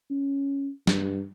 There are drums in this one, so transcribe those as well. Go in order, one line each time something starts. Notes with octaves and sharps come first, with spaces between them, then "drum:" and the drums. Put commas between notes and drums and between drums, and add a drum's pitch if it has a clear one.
C#4
G2, drum: snare